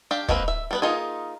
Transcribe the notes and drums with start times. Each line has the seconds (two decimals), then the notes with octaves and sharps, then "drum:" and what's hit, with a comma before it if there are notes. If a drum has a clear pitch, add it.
0.11 D4 G4 F5
0.28 G#3 A#3 C4 B4, drum: kick
0.48 E5
0.71 G3 B3 B4
0.82 A#3 D#4 F4 G#4